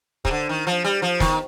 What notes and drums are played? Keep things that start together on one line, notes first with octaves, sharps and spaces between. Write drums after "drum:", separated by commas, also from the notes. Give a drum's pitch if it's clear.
C3, drum: kick
D3
D#3
F3
G3
F3
D#3, drum: snare